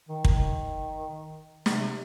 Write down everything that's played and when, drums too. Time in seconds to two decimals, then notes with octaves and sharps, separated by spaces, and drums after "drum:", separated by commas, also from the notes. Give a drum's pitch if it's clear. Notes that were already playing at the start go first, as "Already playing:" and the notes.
0.09 D#3
0.25 D#3, drum: kick
1.66 C3, drum: snare